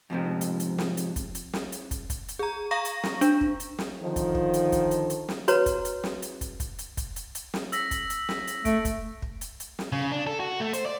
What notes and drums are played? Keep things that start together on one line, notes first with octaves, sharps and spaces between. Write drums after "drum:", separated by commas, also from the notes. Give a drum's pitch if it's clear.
F2 G#2 C3 F3
drum: hi-hat
drum: hi-hat
drum: snare
drum: hi-hat
drum: kick, hi-hat
drum: hi-hat
drum: snare
drum: hi-hat
drum: kick, hi-hat
drum: kick, hi-hat
drum: hi-hat
G#4 A#5
F5 A#5 C#6 A#6
drum: hi-hat
drum: snare
D4, drum: hi-hat
drum: kick
drum: hi-hat
drum: snare
D3 D#3 F3
drum: kick, hi-hat
drum: kick
drum: hi-hat
drum: kick, hi-hat
drum: hi-hat
drum: hi-hat
drum: snare
F#4 B4 C#5 A#5, drum: hi-hat
drum: kick, hi-hat
drum: hi-hat
drum: snare
drum: hi-hat
drum: kick, hi-hat
drum: kick, hi-hat
drum: hi-hat
drum: kick, hi-hat
drum: hi-hat
drum: hi-hat
drum: snare
E6 A#6 B6, drum: hi-hat
drum: kick, hi-hat
drum: hi-hat
drum: snare
drum: hi-hat
A3 D7, drum: kick, hi-hat
drum: kick, hi-hat
drum: kick
drum: hi-hat
drum: hi-hat
drum: snare
C#3
D4
A4
F#4
A3
C5, drum: hi-hat
D5